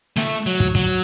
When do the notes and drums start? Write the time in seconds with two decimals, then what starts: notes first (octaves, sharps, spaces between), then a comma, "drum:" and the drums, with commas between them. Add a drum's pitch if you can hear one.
0.17 A3, drum: snare
0.46 F#3
0.60 drum: kick
0.75 F#3, drum: kick